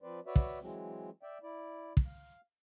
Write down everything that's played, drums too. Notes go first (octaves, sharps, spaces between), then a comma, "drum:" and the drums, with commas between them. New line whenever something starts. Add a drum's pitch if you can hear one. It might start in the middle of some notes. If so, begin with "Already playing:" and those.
F3 C4 B4 C5 D5
F#4 B4 C#5 D5 E5
drum: kick
E3 F#3 G#3 C4
D5 E5 G5
E4 D5
drum: kick
F5